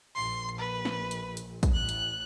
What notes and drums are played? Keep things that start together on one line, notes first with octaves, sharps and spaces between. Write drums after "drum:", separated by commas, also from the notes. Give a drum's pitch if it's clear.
A#1 C6
B4
drum: snare
drum: hi-hat
drum: hi-hat
drum: kick, hi-hat
A1 A2 F#6
drum: hi-hat